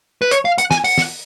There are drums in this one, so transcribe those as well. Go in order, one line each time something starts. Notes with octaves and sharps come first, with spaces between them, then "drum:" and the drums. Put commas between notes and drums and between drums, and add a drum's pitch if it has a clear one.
B4
C#5, drum: hi-hat
F5
F#5, drum: hi-hat
G#5, drum: snare
F#5, drum: open hi-hat
drum: snare